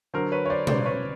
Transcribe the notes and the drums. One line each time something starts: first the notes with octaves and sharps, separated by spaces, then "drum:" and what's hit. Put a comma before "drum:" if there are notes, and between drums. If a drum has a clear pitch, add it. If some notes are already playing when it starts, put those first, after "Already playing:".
D3 F#3 A#4 C5
B4 C#5
C#5
C5 D5
C5 D5, drum: tom
B4 C#5